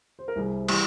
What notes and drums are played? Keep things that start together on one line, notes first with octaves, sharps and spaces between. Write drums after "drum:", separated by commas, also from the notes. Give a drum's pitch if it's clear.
C5
A#4
C2 C3 G3 G#4
E3 G3, drum: cymbal